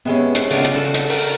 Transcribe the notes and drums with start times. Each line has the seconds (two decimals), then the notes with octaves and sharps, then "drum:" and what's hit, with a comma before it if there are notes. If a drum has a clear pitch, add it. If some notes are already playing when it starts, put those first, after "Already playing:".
0.05 C3 G#3 B3 C#4
0.35 C7, drum: hi-hat
0.51 C#3 D4 F4, drum: open hi-hat
0.65 drum: hi-hat
0.75 F#4 A4
0.94 drum: hi-hat
1.10 A#4, drum: open hi-hat